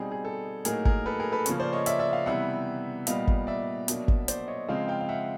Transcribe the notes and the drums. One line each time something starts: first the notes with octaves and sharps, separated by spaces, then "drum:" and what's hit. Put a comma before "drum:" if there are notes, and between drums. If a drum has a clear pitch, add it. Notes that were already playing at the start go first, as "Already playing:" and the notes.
Already playing: B2 G3 C4 D#4 G#4
G#4
A4
A2 F#3 A#3 D#4 G#4 A#4, drum: hi-hat
G#4 A#4, drum: kick G1
A4 B4
G#4 A#4
A4 B4
C#3 F3 A#3 C#4, drum: hi-hat
C5 D5
C#5 D#5
D5 E5, drum: hi-hat
D5 E5
D#5 F5
C3 E3 G3 B3 E5 F#5
A#2 G3 B3 D#5 F5, drum: hi-hat
drum: kick G1
D5 E5
B2 F#3 A#3 D4, drum: hi-hat
drum: kick G1
C5 D5, drum: hi-hat
C#5 D#5
C#3 F3 G#3 C4 D#5 F5
F5 G5
F5
E5 F#5